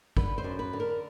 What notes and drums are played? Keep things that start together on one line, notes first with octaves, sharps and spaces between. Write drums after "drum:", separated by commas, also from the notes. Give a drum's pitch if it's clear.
D3 B4, drum: kick
C5
F#2
B4
D3
A#4